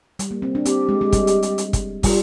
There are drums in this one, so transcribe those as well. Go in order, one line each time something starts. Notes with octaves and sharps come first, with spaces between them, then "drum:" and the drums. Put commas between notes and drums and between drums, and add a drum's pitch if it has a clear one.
G3, drum: hi-hat
A#3
C4
D4
C4 G4, drum: hi-hat
G#3
G#3
G3, drum: kick, hi-hat
drum: hi-hat
drum: hi-hat
drum: hi-hat
drum: kick, hi-hat
G3 F4, drum: kick, open hi-hat